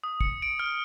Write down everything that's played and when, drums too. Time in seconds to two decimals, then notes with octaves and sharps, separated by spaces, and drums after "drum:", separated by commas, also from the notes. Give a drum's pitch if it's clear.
0.04 D#6
0.21 C#7, drum: kick
0.42 D7
0.59 F6